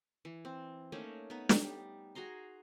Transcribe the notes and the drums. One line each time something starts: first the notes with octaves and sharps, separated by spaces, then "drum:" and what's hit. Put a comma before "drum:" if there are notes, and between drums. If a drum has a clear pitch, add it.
E3
C4
A3 A#3 C#4 D#4
B3 D#4
drum: snare
G3
F#4 G#4 A#5 C6